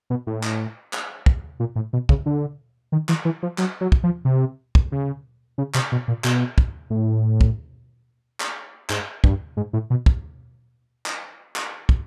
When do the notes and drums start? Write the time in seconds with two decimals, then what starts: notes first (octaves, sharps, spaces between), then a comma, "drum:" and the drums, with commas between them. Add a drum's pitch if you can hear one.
0.10 B2
0.27 A2
0.43 drum: clap
0.93 drum: clap
1.26 drum: kick
1.60 A#2
1.76 A2
1.93 B2
2.09 C#3, drum: kick
2.26 D3
2.92 D#3
3.09 E3, drum: clap
3.25 E3
3.43 F3
3.58 F#3, drum: clap
3.81 F#3
3.92 drum: kick
4.03 F3
4.25 C3
4.75 drum: kick
4.92 C#3
5.58 C#3
5.74 C3, drum: clap
5.92 B2
6.08 A#2
6.24 B2, drum: clap
6.58 drum: kick
6.90 A2
7.41 drum: kick
8.40 drum: clap
8.89 G#2, drum: clap
9.24 G2, drum: kick
9.57 G#2
9.73 A2
9.90 B2
10.06 drum: kick
11.06 drum: clap
11.56 drum: clap
11.89 drum: kick